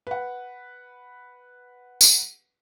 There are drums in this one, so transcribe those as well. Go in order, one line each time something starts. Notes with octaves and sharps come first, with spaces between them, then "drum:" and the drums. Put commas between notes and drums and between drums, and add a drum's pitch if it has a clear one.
B4 F#5
drum: tambourine